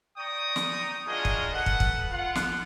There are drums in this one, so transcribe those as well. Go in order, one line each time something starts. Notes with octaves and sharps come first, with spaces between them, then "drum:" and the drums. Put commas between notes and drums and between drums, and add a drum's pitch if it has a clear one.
D5 G5 A#5 C#6 D#6
drum: snare
D4 F4 F#4 G#4 A#4 D#5
drum: kick
A4 B4 F#5
drum: kick
drum: kick
F4 F#5
drum: snare